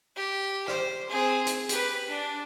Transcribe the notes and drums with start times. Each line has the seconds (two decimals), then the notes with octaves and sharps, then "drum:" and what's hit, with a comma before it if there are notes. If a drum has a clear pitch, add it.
0.16 G4
0.68 C5, drum: rim click
1.09 C4 G#4
1.47 drum: hi-hat
1.69 G4 B4, drum: hi-hat
2.08 D4 D5